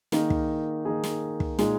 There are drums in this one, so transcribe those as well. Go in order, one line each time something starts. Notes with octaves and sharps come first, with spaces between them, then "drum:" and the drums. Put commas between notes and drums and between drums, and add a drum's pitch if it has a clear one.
D#3 A#3 D#4 G#4, drum: snare
drum: kick
D#3 A#3 D#4 G#4
drum: snare
drum: kick
A#2 G#3 D#4 G#4, drum: snare